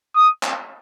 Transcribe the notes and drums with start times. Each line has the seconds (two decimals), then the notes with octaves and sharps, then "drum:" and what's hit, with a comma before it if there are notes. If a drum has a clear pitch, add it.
0.15 D#6
0.43 drum: clap